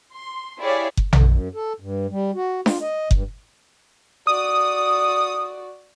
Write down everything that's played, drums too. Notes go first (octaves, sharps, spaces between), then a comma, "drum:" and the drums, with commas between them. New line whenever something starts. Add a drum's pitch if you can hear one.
C6
E4 G4 G#4 C#5 D5 F5
drum: kick F#1
D3, drum: tom A#1
F#2
A4
G2
G3
F#4
F4, drum: snare D4
D#5
G2, drum: kick F#1
F#4 D5 D#6